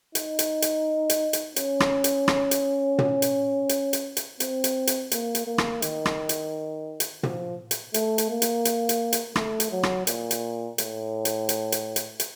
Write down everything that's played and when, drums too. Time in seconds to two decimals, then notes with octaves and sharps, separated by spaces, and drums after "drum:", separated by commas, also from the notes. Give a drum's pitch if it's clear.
0.15 D#4, drum: hi-hat
0.39 drum: hi-hat
0.62 drum: hi-hat
1.10 drum: hi-hat
1.33 drum: hi-hat
1.56 C#4, drum: hi-hat
1.80 drum: rim click
2.04 drum: hi-hat
2.28 drum: rim click
2.51 drum: hi-hat
2.98 drum: tom
3.22 drum: hi-hat
3.69 drum: hi-hat
3.93 drum: hi-hat
4.17 drum: hi-hat
4.40 C4, drum: hi-hat
4.64 drum: hi-hat
4.87 drum: hi-hat
5.11 A#3, drum: hi-hat
5.35 drum: hi-hat
5.47 A#3
5.58 drum: rim click
5.82 D#3, drum: hi-hat
6.05 drum: rim click
6.29 drum: hi-hat
7.00 drum: hi-hat
7.23 F3, drum: tom
7.71 drum: hi-hat
7.94 A3, drum: hi-hat
8.18 drum: hi-hat
8.30 A#3
8.42 drum: hi-hat
8.65 drum: hi-hat
8.89 drum: hi-hat
9.13 drum: hi-hat
9.36 A3, drum: rim click
9.60 drum: hi-hat
9.71 F#3
9.83 drum: rim click
10.07 A#2, drum: hi-hat
10.31 drum: hi-hat
10.78 A2, drum: hi-hat
11.25 drum: hi-hat
11.49 drum: hi-hat
11.72 drum: hi-hat
11.96 drum: hi-hat
12.20 drum: hi-hat